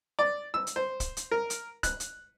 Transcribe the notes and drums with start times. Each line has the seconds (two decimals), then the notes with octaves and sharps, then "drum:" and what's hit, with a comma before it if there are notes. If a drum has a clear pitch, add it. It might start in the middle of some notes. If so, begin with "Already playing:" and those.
0.19 D5
0.54 E6
0.67 drum: hi-hat
0.76 C5
1.00 drum: kick, hi-hat
1.17 drum: hi-hat
1.31 A#4
1.50 drum: hi-hat
1.83 F#6, drum: kick, hi-hat
2.00 drum: hi-hat